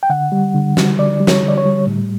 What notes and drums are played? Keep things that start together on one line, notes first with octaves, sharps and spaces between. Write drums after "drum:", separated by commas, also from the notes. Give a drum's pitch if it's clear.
G5
D3 F#5
G3
D3
G3, drum: snare
D3 D5
G3
C#5, drum: snare
D3
D5
C#5
G3
A2